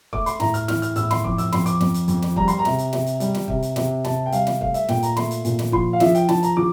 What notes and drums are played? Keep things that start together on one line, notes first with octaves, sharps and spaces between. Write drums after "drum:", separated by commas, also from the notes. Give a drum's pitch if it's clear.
A3 D6, drum: kick
C6, drum: hi-hat
A2 A#5, drum: snare
F6, drum: hi-hat
E3 F6, drum: snare
F6, drum: hi-hat
A2 E6, drum: hi-hat
C6, drum: snare
F2 D6, drum: kick
E6, drum: hi-hat
F2 C6, drum: snare
D6, drum: hi-hat
F2, drum: snare
drum: hi-hat
F2, drum: hi-hat
drum: snare
G3 A#5, drum: kick
C6, drum: hi-hat
A#5
C3, drum: snare
drum: hi-hat
C3, drum: snare
drum: hi-hat
G3, drum: hi-hat
drum: snare
C3, drum: kick
drum: hi-hat
C3, drum: snare
C3 A5, drum: snare
G5
G3 F5, drum: hi-hat
drum: snare
A3 F5, drum: kick
E5, drum: hi-hat
A#2 G5, drum: snare
A#5, drum: hi-hat
A3 C6, drum: snare
drum: hi-hat
A#2, drum: hi-hat
drum: snare
F3 C6, drum: kick
F5
F3 E5, drum: snare
G5, drum: hi-hat
F3 A5, drum: snare
A#5, drum: hi-hat
F3 D6